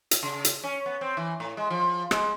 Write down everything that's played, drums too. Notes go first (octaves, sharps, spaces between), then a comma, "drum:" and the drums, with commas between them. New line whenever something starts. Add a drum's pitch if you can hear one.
drum: hi-hat
C#3
drum: hi-hat
C#4
B3
C4
E3
A2
G#3
F3
G#3, drum: rim click